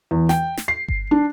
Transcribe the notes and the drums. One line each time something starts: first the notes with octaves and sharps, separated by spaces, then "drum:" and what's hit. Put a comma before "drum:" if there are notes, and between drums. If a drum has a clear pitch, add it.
E2
G5, drum: snare
drum: snare
C7
drum: kick G1
D4